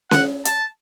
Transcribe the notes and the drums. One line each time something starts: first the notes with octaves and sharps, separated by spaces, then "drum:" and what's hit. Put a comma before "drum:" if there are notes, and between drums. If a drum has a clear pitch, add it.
F#5, drum: snare C#4
A5, drum: hi-hat